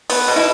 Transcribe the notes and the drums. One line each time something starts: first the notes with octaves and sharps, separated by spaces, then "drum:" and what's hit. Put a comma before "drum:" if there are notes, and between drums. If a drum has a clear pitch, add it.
B3, drum: open hi-hat
B2
E4